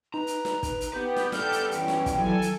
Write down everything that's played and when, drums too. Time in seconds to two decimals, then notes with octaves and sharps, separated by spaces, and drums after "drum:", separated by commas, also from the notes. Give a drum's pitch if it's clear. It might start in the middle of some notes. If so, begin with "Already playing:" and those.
0.14 D#4 B4 A#5
0.27 drum: hi-hat
0.45 drum: snare
0.63 B4, drum: kick, hi-hat
0.81 drum: hi-hat
0.93 B3 G4 B4 F#5 G6
1.16 drum: snare
1.32 G3 B3 G4 A4 F6 G6, drum: snare
1.52 drum: hi-hat
1.71 E3 C#4 G5, drum: hi-hat
1.88 drum: snare
2.06 drum: kick, hi-hat
2.18 E3 F#3 E4 A4 G#5
2.42 drum: hi-hat